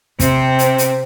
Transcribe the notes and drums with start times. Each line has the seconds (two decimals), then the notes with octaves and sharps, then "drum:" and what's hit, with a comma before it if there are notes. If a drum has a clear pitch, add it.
0.20 C3 C4, drum: kick, hi-hat
0.59 drum: hi-hat
0.78 drum: hi-hat